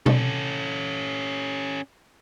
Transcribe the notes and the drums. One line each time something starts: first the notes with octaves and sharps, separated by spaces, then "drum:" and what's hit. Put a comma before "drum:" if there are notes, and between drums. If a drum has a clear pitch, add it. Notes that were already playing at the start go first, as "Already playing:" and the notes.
C#4 A4, drum: tom B2